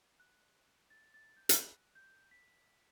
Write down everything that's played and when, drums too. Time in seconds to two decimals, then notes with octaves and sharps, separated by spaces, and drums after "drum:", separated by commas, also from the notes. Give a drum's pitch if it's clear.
0.20 F#6
0.90 A6
1.14 A6
1.37 G6
1.49 G6, drum: hi-hat
1.60 F#6
1.95 G6
2.31 B6